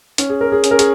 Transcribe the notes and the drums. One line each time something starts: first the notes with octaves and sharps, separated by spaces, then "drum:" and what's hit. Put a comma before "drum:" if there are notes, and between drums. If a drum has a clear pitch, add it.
C#4, drum: hi-hat
G#4
A#4
G#4
C#4, drum: hi-hat
A#4
G#4, drum: hi-hat